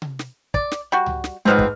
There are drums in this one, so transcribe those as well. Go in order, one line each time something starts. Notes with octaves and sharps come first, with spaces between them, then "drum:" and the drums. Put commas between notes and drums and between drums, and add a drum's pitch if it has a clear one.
drum: tom C3
drum: snare
D5, drum: kick
drum: snare
G3 F#4
drum: tom C#2
drum: snare
G#2 B2 F3 C4 B4 F6
drum: kick